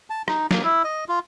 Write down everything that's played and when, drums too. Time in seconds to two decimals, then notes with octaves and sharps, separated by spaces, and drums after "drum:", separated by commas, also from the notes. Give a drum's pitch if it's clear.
0.10 A5
0.28 D#4, drum: rim click
0.51 A#3, drum: snare
0.64 E4
0.84 D#5
1.09 F4